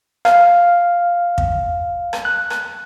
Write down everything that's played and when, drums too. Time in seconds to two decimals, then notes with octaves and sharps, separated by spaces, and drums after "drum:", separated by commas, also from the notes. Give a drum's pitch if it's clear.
0.25 F5, drum: rim click
1.38 drum: kick
2.13 drum: rim click
2.25 F#6
2.50 drum: rim click